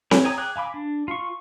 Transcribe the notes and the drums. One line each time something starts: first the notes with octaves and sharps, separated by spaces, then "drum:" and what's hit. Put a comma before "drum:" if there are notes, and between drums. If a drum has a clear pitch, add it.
C#5, drum: snare C4
C#5 G5 G#5 A#5 D#6
G#4 G5 D6 F#6
F5 G#5 B5 D6
D4
F4 C#6